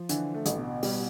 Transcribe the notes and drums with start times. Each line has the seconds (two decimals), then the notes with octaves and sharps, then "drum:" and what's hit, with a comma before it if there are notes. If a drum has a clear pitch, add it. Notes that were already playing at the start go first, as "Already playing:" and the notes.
Already playing: F3
0.09 D3 E3, drum: hi-hat
0.34 A3
0.46 A1, drum: hi-hat
0.58 B2
0.83 B2 G3, drum: open hi-hat